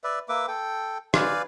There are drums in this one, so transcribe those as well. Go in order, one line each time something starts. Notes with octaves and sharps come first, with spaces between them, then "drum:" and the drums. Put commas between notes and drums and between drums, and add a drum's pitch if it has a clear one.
B4 D5 E5
A#3 B4 E5 D6
A4 G5
B4 D5 F5 G#5, drum: rim click